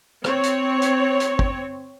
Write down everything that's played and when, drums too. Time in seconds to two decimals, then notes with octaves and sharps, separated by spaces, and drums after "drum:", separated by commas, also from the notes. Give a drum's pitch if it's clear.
0.24 C4 C#5, drum: rim click
0.43 drum: hi-hat
0.82 drum: hi-hat
1.20 drum: hi-hat
1.39 drum: kick